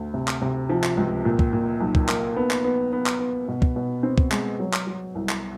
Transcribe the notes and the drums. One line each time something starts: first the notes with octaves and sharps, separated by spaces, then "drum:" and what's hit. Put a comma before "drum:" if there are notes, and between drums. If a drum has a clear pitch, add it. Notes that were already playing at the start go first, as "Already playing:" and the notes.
Already playing: D2
C3
drum: clap
C3
F3
drum: clap
C#2
A#2
drum: kick
A#2
B1
drum: kick
A#3, drum: clap
B3
drum: clap
B3
B3
drum: clap
B3
B2
drum: kick
B2
C4
drum: kick
G#3, drum: clap
F#3
drum: clap
F#3
C2
drum: clap